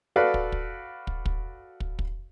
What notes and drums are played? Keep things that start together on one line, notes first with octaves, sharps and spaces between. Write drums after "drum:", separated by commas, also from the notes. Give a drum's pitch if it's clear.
F#4 A4 B4 D5 F5
drum: kick
drum: kick
drum: kick
drum: kick
drum: kick
drum: kick